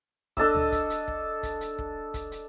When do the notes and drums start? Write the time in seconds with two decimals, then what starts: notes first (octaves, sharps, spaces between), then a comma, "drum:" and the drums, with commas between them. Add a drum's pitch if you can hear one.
0.37 D4 A4 D#5 E6, drum: kick
0.54 drum: tom C#2
0.72 drum: kick, hi-hat
0.90 drum: hi-hat
1.08 drum: kick
1.43 drum: kick, hi-hat
1.61 drum: hi-hat
1.78 drum: kick
2.14 drum: kick, hi-hat
2.32 drum: hi-hat